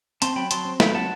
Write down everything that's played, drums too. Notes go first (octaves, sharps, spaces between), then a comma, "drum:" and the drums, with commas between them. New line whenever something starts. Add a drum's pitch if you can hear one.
C4 A5 C6, drum: hi-hat
F#3 G5 B5
F#3 A5 C6, drum: hi-hat
C4
F#3 G5 B5, drum: snare
C4 F#5 A5